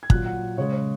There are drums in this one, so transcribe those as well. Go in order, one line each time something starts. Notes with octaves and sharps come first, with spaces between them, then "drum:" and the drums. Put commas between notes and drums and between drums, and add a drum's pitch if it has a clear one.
G#6
A#2 F#3 F#6, drum: kick
F#5
C#3 G#3 C#5
C#5